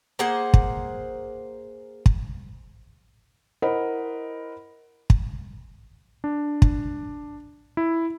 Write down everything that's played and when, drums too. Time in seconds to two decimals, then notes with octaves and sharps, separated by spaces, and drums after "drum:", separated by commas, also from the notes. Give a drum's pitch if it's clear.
0.19 A#3 G#4 C5 F#5
0.54 drum: kick
2.06 drum: kick
3.62 E4 A#4 C5 D#5 F#5 B5
5.10 drum: kick
6.24 D4
6.62 drum: kick
7.77 E4